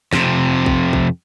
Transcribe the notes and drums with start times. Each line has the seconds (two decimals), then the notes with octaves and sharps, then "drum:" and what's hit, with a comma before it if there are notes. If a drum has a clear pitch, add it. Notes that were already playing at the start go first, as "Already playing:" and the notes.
0.13 F2 C3, drum: snare
0.66 drum: kick A1
0.93 drum: kick A1